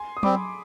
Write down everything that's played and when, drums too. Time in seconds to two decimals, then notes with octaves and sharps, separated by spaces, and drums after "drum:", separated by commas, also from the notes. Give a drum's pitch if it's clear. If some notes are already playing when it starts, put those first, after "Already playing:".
Already playing: G#5 C6
0.17 D#6
0.23 G3 C4 B5 D6, drum: tom F#3